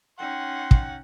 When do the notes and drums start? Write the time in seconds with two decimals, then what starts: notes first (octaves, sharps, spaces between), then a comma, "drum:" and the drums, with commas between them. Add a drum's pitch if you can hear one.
0.19 C#4 D#4 F#5 G5 C6
0.71 drum: kick